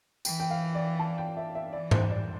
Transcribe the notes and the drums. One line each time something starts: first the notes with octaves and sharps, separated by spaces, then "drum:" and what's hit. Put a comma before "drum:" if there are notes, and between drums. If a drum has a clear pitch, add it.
E3 G5, drum: tambourine
G5
F5
D5
A5
G5
E5
E5
E3 D5
C5, drum: tom G#2
D5